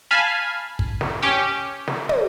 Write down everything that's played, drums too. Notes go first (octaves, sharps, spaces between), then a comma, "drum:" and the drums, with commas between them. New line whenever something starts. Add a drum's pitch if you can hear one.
F5 G#5 A5 B5
drum: kick
drum: snare
C#4 G4
drum: snare
drum: tom